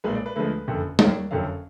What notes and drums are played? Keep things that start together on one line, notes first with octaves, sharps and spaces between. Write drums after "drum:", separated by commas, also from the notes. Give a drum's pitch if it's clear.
B1 A#2 G#3 B4
D5
B4
D2 D3 F3 G#3 B4
F#1 F2 D3
D#2 D#3 F#3 D5, drum: tom G3
F#1 F2 D3 F#3 F5